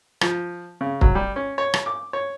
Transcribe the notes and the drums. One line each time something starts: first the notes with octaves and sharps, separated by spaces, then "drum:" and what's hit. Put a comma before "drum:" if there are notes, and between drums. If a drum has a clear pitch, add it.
F3, drum: rim click
C#3
F#3, drum: kick C#1
G3
C#4
C#5
drum: rim click
D6
C#5